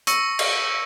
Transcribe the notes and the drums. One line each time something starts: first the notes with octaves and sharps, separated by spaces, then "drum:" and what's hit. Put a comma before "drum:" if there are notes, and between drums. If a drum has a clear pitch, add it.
C#6 E6 A#6 C#7, drum: hi-hat
drum: cymbal